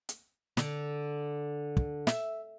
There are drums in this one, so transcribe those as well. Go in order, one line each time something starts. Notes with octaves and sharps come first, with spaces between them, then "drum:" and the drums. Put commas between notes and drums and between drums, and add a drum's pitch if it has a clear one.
drum: hi-hat
D3, drum: snare
drum: kick
E5, drum: snare